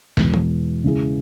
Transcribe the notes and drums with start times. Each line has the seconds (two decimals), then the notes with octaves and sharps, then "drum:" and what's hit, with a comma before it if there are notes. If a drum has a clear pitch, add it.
0.17 E2 B2 G#3 B3, drum: snare
0.34 drum: tom
0.84 C#3 G#3 E4 G#4